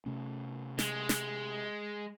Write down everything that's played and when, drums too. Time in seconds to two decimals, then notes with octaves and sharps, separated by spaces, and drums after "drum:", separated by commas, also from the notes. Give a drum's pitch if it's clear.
0.06 C3 A3 C#4
0.79 G#3, drum: snare
1.09 drum: snare